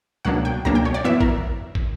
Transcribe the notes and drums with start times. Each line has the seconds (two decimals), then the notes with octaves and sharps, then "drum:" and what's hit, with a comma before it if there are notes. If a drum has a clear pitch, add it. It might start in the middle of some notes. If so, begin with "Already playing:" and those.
0.25 C#2 B2 F#3 A#3 D4 F#5
0.45 G5
0.65 C#2 B2 F#3 A#3 D4 A#5
0.75 G5
0.85 C#5
0.94 D5
1.04 F#2 E3 B3 E4 E5
1.20 A#4, drum: kick
1.75 drum: kick